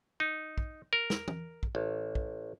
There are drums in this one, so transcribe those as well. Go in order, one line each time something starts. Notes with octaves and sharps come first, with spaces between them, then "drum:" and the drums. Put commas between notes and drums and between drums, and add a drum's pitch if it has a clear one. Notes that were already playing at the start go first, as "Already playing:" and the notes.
D#4
drum: kick
A#4
drum: snare
drum: tom
drum: kick
A1
drum: kick